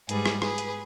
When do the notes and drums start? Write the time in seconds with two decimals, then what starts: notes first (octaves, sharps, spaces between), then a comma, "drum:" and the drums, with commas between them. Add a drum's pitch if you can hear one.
0.09 G#2 G3 G#4 B4, drum: hi-hat
0.26 drum: rim click
0.42 G#4 B4, drum: rim click
0.58 drum: hi-hat